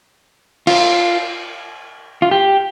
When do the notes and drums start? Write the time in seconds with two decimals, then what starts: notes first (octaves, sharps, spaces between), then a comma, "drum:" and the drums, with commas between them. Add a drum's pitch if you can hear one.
0.67 F4, drum: cymbal
2.22 F4
2.31 G4